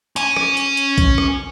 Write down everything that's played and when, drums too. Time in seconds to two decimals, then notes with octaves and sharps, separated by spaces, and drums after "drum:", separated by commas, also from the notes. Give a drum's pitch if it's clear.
0.16 C#4 G#5, drum: hi-hat
0.37 drum: rim click
0.57 drum: hi-hat
0.77 drum: hi-hat
0.98 drum: kick A#1, hi-hat
1.18 drum: rim click